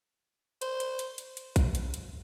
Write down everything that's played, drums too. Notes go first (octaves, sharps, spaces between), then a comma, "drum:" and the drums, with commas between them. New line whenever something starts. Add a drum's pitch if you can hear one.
C5, drum: hi-hat
drum: hi-hat
drum: hi-hat
drum: hi-hat
drum: hi-hat
drum: kick A#1, hi-hat
drum: hi-hat
drum: hi-hat